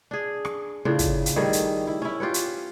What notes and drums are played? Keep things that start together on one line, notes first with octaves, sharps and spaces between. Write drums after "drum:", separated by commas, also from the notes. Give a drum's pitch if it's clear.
D4 G#4
drum: rim click
A2 C#3 D4 F4
drum: kick, hi-hat
drum: hi-hat
D#3 G3 A3 G#4
drum: hi-hat
E4
C#4 E4
F4 G4 B4 C#5
drum: hi-hat